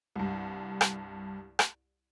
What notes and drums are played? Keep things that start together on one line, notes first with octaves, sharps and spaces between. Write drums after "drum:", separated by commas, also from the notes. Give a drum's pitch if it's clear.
C2 G2
drum: rim click
drum: rim click